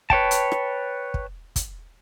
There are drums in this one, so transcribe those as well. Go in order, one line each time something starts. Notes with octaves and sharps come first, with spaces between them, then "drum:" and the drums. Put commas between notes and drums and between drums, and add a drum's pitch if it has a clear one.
B4 C#5 G5 A5, drum: kick
drum: hi-hat
drum: rim click
drum: kick
drum: kick, hi-hat